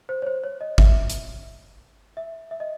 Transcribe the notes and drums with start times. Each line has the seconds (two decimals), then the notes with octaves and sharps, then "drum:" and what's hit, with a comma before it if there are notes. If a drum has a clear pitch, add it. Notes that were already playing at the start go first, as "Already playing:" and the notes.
0.09 C5
0.22 C#5
0.27 C5
0.44 C#5
0.61 D#5
0.78 E5, drum: kick G1
1.10 drum: hi-hat
2.17 E5
2.51 E5
2.60 D#5